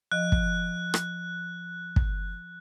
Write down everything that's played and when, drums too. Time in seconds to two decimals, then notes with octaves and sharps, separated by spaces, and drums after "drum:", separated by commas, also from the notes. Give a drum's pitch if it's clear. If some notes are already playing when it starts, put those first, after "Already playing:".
0.12 F3 D#5 F#6
0.32 drum: kick
0.94 drum: rim click
1.96 drum: kick